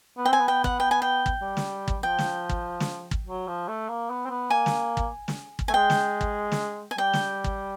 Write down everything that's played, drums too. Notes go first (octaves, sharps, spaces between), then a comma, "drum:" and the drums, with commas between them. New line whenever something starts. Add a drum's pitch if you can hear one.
B3
G5
C4 G#5
B3
G5
F#5, drum: kick
G5
G#5
G5
drum: kick
G3
drum: snare
drum: kick
F3 G5
drum: snare
drum: kick
drum: snare
drum: kick
F#3
F3
A3
A#3
B3
C4
B3
A#3 G#5
drum: snare
drum: kick
drum: snare
drum: kick
A3 G#5
G#3 G5
drum: snare
drum: kick
drum: snare
G#5
G3 G5
drum: snare
drum: kick